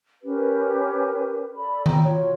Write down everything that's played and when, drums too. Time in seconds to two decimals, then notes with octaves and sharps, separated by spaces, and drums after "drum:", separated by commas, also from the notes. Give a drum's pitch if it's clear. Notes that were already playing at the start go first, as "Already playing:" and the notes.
0.23 C#4 G4 A#4 B4
1.53 A4 D5 B5
1.86 G5 A#5, drum: tom D#3
2.03 F4 F#4 C#5